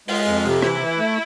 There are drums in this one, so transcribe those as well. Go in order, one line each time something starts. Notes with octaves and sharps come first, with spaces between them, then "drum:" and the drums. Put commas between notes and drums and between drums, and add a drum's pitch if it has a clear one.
G#3 F4, drum: open hi-hat
F2
C3
E3 E4, drum: rim click
E3
A3